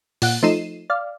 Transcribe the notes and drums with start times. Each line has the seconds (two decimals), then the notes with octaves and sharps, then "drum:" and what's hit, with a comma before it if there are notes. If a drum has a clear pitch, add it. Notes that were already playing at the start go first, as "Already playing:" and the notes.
0.22 A#2 F#5 D7, drum: open hi-hat
0.43 F3 A3 D#4 C7 D#7 E7
0.90 D5 F5